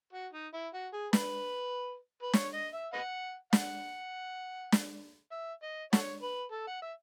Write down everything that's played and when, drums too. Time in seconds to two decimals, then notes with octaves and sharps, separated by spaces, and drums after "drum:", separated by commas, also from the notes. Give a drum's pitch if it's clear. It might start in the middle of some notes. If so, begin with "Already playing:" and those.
0.13 F#4
0.33 D#4
0.53 E4
0.74 F#4
0.93 G#4
1.13 B4, drum: snare
2.22 B4
2.33 C#5, drum: snare
2.53 D#5
2.73 E5
2.93 B4 D#5 F#5
3.53 F#5, drum: snare
4.72 drum: snare
5.32 E5
5.63 D#5
5.93 F#4 A4 C#5, drum: snare
6.23 B4
6.52 A4
6.67 F#5
6.82 E5